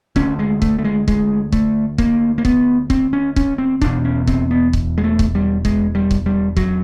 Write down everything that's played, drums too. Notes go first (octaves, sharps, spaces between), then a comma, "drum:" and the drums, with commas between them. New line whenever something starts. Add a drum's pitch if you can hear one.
D2 D3 C#4, drum: kick C#1
G#3
A3, drum: kick C#1
A3
G#3
G#3, drum: kick C#1
A3, drum: kick C#1
A#3, drum: kick C#1
A#3
B3, drum: kick C#1
C4, drum: kick C#1
C#4
C#4, drum: kick C#1
C4
E1 E2 B2 D4, drum: kick C#1
C#4
C4, drum: kick C#1
B3
drum: kick C#1
G#3
A3
drum: kick C#1
G3
G#3, drum: kick C#1
G3
drum: kick C#1
G3
F#3, drum: kick C#1